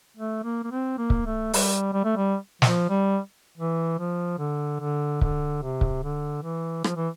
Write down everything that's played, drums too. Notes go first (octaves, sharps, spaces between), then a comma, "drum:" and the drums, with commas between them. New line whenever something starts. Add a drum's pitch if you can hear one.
A3
A#3
A#3
C4
A#3
drum: kick C#1
A3
G3, drum: open hi-hat
G3
A3
G3
F3, drum: snare
G3
E3
F3
D3
D3
D3, drum: kick C#1
C3
drum: kick C#1
D3
E3
F3, drum: rim click
E3